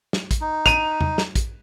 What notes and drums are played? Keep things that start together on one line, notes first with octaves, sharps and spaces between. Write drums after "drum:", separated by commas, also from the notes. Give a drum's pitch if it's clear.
drum: snare
drum: kick, hi-hat
D#4
D#7 F7, drum: kick, hi-hat
drum: tom E2
drum: snare
drum: kick, hi-hat